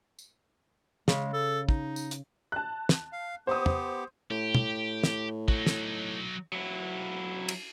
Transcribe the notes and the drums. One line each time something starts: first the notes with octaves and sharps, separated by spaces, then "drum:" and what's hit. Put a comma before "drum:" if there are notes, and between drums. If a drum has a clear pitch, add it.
drum: tambourine
C#3 G#3, drum: snare
A4
D#4, drum: kick
drum: tambourine
drum: hi-hat
A5 F#6
drum: snare
F5
B3 G4 C5 D#6
drum: tom
A2 G4
drum: tom
drum: snare
F#3 D#4, drum: kick
drum: snare
F#3 E4
drum: cymbal